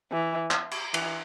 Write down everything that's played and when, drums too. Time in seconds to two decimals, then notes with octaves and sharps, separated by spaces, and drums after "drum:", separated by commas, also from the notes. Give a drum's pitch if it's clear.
0.12 E3
0.51 drum: clap
0.71 drum: cymbal
0.94 E3, drum: cymbal